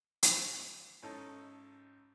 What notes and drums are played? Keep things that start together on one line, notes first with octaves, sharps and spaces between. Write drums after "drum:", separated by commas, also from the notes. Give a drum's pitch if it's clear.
drum: hi-hat
G#1 C#4 D#4 A4